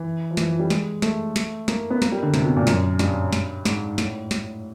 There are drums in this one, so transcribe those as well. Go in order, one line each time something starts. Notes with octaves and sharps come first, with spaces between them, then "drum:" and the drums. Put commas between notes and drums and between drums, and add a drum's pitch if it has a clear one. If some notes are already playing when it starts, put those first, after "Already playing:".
Already playing: E3
F3
E3, drum: snare
F3
G3
G#3, drum: snare
A3, drum: snare
drum: snare
A#3, drum: snare
B3
A#3, drum: snare
G3
D3
C3, drum: snare
B2
A#2
F#2, drum: snare
G2, drum: snare
drum: snare
G#2, drum: snare
A2, drum: snare
drum: snare